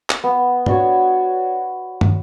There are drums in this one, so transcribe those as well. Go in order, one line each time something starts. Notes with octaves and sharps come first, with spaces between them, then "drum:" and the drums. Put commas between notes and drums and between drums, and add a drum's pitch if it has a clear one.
drum: clap
B3
D4 F#4 C#5, drum: tom
drum: tom